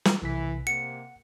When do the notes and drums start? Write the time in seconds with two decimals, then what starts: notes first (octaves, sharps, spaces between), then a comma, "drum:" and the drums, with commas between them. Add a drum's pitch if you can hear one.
0.05 drum: snare
0.22 B1 C3 E3 B6
0.67 C3 A#3 F#5 C#7